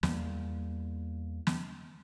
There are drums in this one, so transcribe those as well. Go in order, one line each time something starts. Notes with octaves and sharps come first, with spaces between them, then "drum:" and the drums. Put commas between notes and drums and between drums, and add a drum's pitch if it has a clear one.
E2 G3 A#3, drum: snare
drum: snare